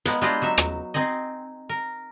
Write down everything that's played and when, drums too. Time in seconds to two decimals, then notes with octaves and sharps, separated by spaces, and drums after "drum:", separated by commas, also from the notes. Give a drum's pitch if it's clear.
0.05 G#3 A#3 B3, drum: hi-hat
0.21 G#3 D4 E4 F4 G4 D#5
0.42 F#3 D#4 E5
0.58 drum: rim click
0.94 C4 D#4 G#4 D#5
1.69 A#4